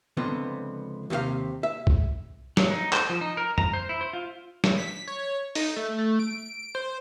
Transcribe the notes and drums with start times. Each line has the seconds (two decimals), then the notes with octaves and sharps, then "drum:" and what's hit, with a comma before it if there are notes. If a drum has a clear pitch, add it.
0.17 C#2 D3 F3 B3 C4
1.10 D#2 C3 F#4 C5 F5
1.63 E5
1.87 drum: kick B1
2.57 F#3, drum: snare
2.70 D#4
2.93 C5, drum: clap
3.09 F3
3.21 D#4
3.37 A#4
3.58 A#5, drum: tom F2
3.73 C5
3.89 E4
4.01 C5
4.13 F4
4.64 drum: snare
4.78 B6
5.08 C#5
5.55 D#4, drum: open hi-hat
5.76 A3
5.98 A3
6.19 D7
6.75 C5